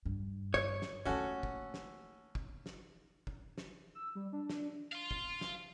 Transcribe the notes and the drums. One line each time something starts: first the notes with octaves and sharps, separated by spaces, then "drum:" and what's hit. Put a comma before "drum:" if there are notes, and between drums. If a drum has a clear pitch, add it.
G2
C#5, drum: kick
drum: snare
A3 A#3 C#4 F#4 A4
drum: kick
drum: snare
drum: kick
drum: snare
drum: kick
drum: snare
E6
G3
D4
drum: snare
F5 C6
drum: kick
drum: snare